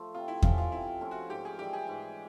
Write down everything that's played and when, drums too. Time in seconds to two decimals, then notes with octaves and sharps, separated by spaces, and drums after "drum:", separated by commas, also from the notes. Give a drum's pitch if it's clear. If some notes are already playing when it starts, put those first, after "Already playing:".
Already playing: F3 A3
0.15 C3 F4
0.28 E4
0.42 F3 A3 C#4 F4, drum: kick E2
0.58 F4
0.71 C3 E4
1.01 F3 A3 C#4
1.11 F#4
1.30 G#2 G4
1.45 G#4
1.58 E3 G3 G4
1.73 G#4
1.88 G#2